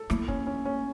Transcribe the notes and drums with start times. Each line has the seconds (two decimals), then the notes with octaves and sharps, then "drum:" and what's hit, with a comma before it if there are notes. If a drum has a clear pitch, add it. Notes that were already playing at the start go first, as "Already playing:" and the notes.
Already playing: A4
0.10 A#3 E4, drum: rim click
0.28 C#4, drum: kick
0.47 C#4
0.65 C#4